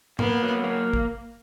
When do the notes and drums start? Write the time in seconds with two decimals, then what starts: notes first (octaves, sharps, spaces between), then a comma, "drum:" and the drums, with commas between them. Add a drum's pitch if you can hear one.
0.19 A#3 B3, drum: tom
0.42 F#3
0.64 A#3
0.93 drum: kick